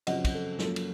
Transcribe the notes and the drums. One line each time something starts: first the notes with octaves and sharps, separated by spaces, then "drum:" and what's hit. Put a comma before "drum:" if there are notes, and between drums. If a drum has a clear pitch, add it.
F#2 C#3 F3 C4 D#5 F#5, drum: cymbal
drum: kick, cymbal
A4
F#2 F3 A#3 A4, drum: snare
drum: cymbal